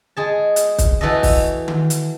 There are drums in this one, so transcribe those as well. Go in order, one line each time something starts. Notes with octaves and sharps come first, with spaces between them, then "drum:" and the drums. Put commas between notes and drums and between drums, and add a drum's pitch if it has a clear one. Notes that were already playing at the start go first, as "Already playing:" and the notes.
G#3 G#4 A5
drum: hi-hat
drum: kick, hi-hat
E3 A3 F#4 A4 D#5
drum: kick, open hi-hat
drum: tom D#3
drum: hi-hat